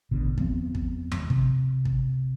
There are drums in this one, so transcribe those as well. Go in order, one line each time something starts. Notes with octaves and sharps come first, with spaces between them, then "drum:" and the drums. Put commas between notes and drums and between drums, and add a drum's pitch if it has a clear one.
E1 A1 B2 D3
E2 F3 B3 C4, drum: kick
drum: kick
drum: tom E2
C3, drum: kick
drum: kick